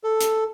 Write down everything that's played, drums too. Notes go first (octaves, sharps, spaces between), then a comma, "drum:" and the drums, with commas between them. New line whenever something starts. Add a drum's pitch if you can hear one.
A4
drum: hi-hat